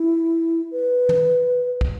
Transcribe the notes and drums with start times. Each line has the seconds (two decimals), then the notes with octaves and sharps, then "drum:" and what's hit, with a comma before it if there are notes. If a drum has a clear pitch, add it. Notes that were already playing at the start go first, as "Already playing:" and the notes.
Already playing: E4
0.72 B4
1.09 drum: tom
1.81 drum: kick